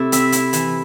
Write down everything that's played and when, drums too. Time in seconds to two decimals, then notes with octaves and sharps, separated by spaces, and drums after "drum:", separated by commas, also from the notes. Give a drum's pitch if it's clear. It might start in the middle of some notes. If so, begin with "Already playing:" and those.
Already playing: C3 A3 E4
0.12 C4 E5, drum: hi-hat
0.32 E4, drum: hi-hat
0.53 E3, drum: hi-hat